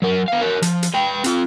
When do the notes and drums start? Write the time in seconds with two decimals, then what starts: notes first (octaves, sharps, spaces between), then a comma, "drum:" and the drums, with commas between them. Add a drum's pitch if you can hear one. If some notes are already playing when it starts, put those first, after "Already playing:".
0.02 F#3 A#4
0.28 B3 F5
0.42 A#4 C#5
0.62 F3, drum: hi-hat
0.83 drum: hi-hat
0.94 B4 G5
1.24 C4 F4, drum: hi-hat